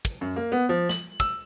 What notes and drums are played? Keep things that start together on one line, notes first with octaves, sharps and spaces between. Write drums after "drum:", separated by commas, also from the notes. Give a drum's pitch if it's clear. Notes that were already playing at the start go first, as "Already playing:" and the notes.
drum: kick, hi-hat
F#2
A#3
B3
F3
F#7, drum: snare
E6, drum: kick, hi-hat